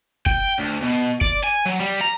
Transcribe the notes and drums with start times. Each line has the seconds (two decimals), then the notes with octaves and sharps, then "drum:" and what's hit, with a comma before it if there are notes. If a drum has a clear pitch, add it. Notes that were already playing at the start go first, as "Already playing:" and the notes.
0.26 G5, drum: kick F#1
0.59 D2
0.83 B2
1.21 D5, drum: kick F#1
1.44 G#5
1.66 F#3
1.80 G3
2.01 A#5